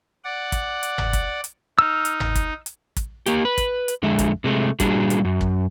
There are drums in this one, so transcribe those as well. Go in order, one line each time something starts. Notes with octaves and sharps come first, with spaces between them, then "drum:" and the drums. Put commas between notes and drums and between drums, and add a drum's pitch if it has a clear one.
D5 F#5
drum: kick, hi-hat
drum: hi-hat
drum: tom G1
drum: kick, hi-hat
drum: hi-hat
D#4 E6 F6
drum: hi-hat
drum: tom G1
drum: kick, hi-hat
drum: hi-hat
drum: kick, hi-hat
A#3 G4, drum: hi-hat
B4
drum: kick, hi-hat
drum: hi-hat
F2 D3 G#3 E5
drum: kick, hi-hat
C3 G#3 A3
A#2 G3 D4 F#4 G#4, drum: kick, hi-hat
drum: hi-hat
F#2
drum: kick